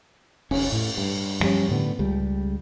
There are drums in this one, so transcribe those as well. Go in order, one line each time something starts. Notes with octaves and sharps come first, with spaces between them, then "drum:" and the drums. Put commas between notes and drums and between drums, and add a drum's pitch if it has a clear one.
F1 C#4, drum: cymbal
A2
G2
G2 F3 G3 C#4
A2 D3 B3
C#2 G3